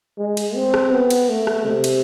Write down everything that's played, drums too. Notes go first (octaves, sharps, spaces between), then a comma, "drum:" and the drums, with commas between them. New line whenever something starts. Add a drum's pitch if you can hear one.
G#3
drum: cymbal
C4
drum: rim click
B3
drum: cymbal
A3
drum: rim click
C3
drum: cymbal